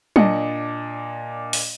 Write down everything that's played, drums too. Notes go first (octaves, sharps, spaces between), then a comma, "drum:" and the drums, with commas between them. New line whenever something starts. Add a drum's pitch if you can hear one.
A#2 D4 D#5 C#7, drum: tom
drum: open hi-hat